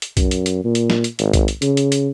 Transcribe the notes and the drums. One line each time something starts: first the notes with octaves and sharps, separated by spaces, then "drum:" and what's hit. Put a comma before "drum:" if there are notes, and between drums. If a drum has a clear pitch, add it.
drum: hi-hat
F#2, drum: kick B1, hi-hat
drum: hi-hat
drum: hi-hat
A#2
drum: hi-hat
drum: snare
drum: hi-hat
G#1, drum: hi-hat
drum: kick B1, hi-hat
drum: hi-hat
C#3, drum: hi-hat
drum: hi-hat
drum: hi-hat